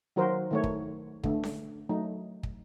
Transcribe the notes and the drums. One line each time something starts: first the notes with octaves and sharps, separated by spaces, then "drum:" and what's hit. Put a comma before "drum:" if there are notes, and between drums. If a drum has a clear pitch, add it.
D#3 F#3 F#4 A#4 C5
D#3 A3 C#5
drum: kick
D3 A3, drum: kick
drum: snare C#4
F#3 A3 D#4
drum: kick